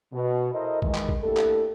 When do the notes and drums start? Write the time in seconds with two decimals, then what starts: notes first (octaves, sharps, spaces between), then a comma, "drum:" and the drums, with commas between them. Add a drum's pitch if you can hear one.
0.13 B2
0.53 E4 A4 A#4 C5 D#5
0.82 D#3 E3 G#3, drum: kick
0.95 drum: clap
1.09 drum: kick
1.23 A3 A#3 D4 E4 G4 A4
1.37 drum: clap